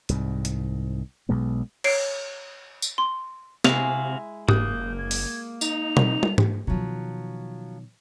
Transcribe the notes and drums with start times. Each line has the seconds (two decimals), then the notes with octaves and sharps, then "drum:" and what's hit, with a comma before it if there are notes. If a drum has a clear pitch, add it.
0.09 C2 G#2, drum: hi-hat
0.45 drum: hi-hat
1.29 B1 B2 G#3 B3
1.84 C#5 C7 D7, drum: cymbal
2.82 drum: tambourine
2.98 C6
3.64 C3 G#3 E4 F#4 F5, drum: snare
4.49 F#1 A#3 D#6 F#6 G6, drum: tom G#2
4.99 G#6
5.11 drum: open hi-hat
5.61 D#4 F7, drum: tambourine
5.97 drum: tom B2
6.23 drum: tom
6.38 drum: tom G#2
6.67 B2 D#3 F3 F#3